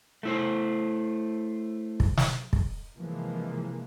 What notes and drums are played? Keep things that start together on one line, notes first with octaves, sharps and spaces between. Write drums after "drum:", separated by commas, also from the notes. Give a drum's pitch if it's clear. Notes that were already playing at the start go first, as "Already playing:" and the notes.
A3 E4 C5
drum: kick
drum: snare
drum: kick
C3 E3 F3 G#3 A#3